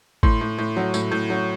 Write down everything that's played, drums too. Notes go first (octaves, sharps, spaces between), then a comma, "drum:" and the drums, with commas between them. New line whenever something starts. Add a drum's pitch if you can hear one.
A2 C6, drum: kick G#1
A2
A2
F#3
A2, drum: tambourine
A2
F#3